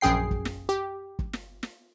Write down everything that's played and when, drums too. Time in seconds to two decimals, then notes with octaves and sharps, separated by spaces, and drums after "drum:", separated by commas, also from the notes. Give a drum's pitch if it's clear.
0.01 A#1 F#2 G#4 G5 C7
0.31 drum: kick
0.45 drum: snare
0.69 G4
1.19 drum: kick
1.33 drum: snare
1.63 drum: snare